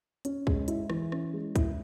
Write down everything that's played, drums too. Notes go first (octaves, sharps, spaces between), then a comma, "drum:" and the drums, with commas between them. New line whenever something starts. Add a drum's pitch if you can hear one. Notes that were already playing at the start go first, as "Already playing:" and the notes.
C#4, drum: hi-hat
G#3, drum: kick
E4, drum: hi-hat
E3, drum: rim click
C#4, drum: rim click
G#3
E4, drum: kick, hi-hat